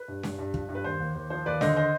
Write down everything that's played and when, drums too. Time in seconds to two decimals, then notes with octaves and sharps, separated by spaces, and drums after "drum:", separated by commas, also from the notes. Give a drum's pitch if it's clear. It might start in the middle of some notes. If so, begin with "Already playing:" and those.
Already playing: B4
0.08 G2
0.23 G2, drum: snare C#4
0.38 G2
0.54 F3, drum: kick
0.69 G2
0.75 B4
0.84 D#2 C5
1.00 D#2
1.15 D#2
1.30 F3 C5
1.46 D#2 B4 D5
1.61 D3 C5 D#5, drum: snare C#4
1.76 C5 D#5